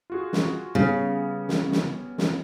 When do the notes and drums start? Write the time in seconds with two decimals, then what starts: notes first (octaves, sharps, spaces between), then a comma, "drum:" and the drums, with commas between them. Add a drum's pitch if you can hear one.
0.10 F4 F#4 G#4
0.33 drum: snare
0.75 C#3 G3 B3 C#4
1.49 drum: snare
1.72 drum: snare
2.18 drum: snare